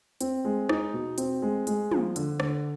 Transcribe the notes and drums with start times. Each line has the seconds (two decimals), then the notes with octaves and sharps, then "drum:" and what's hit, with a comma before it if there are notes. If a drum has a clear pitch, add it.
0.21 C4, drum: hi-hat
0.45 G#3
0.69 D#4, drum: rim click
0.94 B2
1.18 C4, drum: hi-hat
1.42 G#3
1.67 G#3, drum: hi-hat
1.91 F3, drum: tom
2.16 D3, drum: hi-hat
2.40 D3, drum: rim click